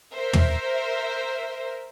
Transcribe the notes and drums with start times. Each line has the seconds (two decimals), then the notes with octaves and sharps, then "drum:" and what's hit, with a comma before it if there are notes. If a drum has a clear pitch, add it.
0.15 A#4 C5 E5
0.33 drum: tom